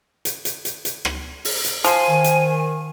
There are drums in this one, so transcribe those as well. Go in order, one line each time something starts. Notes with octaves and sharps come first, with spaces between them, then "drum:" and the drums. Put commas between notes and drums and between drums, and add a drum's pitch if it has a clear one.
drum: hi-hat
drum: hi-hat
drum: hi-hat
drum: hi-hat
drum: rim click
drum: open hi-hat
drum: hi-hat
F3 C5 G#5 C6, drum: hi-hat
D#3
drum: hi-hat